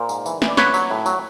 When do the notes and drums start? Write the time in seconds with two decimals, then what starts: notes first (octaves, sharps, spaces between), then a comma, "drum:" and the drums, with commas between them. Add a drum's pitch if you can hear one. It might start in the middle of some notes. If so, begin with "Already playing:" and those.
Already playing: A#2 A#4 C5
0.09 G#2, drum: tambourine
0.26 E3, drum: tambourine
0.42 E3, drum: snare
0.48 D5
0.57 F#3 B4 C#5, drum: snare
0.74 F#3, drum: tambourine
0.91 A2
1.06 F#3, drum: tambourine